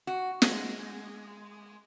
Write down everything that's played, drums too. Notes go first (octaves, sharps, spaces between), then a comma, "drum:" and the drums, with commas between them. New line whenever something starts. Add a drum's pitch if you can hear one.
F#4
G#3, drum: snare